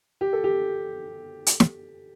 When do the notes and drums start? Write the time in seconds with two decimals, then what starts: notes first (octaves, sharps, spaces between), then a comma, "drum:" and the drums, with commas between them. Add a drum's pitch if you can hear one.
0.21 G4
0.33 A4
0.44 G4
1.46 drum: hi-hat
1.60 drum: snare